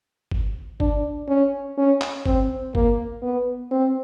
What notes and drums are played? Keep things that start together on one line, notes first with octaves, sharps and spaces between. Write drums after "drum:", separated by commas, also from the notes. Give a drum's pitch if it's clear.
drum: kick G1
D4, drum: kick G1
C#4
C#4
drum: clap
C4, drum: kick G1
A#3, drum: kick G1
B3
C4